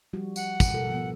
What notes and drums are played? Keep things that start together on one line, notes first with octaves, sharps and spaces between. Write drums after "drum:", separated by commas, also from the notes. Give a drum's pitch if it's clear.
F3 G3 F#4
F#5, drum: tambourine
drum: kick, tambourine
B2 A4 A#4
F3 B3